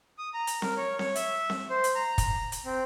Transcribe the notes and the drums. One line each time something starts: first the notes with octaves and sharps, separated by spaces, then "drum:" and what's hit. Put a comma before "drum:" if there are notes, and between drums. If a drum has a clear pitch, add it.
D#6
A#5
drum: hi-hat
A#4, drum: snare C4
C#5
C#5, drum: snare C4
E5, drum: hi-hat
drum: snare C4
C5
drum: hi-hat
A#5
drum: kick, hi-hat
drum: hi-hat
C4